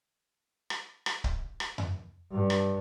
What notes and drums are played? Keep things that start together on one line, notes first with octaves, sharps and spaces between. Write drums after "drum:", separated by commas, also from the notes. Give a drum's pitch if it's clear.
drum: rim click
drum: rim click
drum: kick C#1
drum: rim click
drum: tom F2
G2
drum: rim click